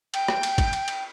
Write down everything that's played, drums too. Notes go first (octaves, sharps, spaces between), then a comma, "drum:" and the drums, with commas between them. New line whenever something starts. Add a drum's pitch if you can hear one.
G5, drum: cymbal
drum: rim click
drum: cymbal
drum: kick, cymbal
drum: cymbal
drum: cymbal